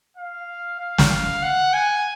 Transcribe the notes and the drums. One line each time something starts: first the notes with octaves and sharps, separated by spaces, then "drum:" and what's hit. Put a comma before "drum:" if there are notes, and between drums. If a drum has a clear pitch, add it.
F5
F5
drum: snare
F#5
G#5